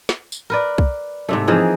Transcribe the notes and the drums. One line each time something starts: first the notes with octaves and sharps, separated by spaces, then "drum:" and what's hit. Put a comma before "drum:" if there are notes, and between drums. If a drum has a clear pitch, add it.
drum: snare
drum: tambourine
A#4 B4 D5
drum: kick
G#2 C3 A3 E5 C#6
E3 F3 A#3 C4 D#4 G#4